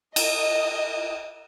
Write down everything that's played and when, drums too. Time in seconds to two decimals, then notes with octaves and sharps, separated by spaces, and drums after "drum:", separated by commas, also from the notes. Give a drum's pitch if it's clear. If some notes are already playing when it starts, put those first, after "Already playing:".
0.16 D#5, drum: cymbal